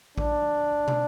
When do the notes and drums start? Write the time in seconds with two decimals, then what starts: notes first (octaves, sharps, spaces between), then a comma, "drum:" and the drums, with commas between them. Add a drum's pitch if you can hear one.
0.18 D4, drum: kick A1
0.88 drum: tom